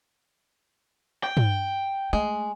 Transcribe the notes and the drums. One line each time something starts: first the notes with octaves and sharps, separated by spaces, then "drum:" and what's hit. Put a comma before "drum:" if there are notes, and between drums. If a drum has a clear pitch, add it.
G5
drum: tom
G#3 A3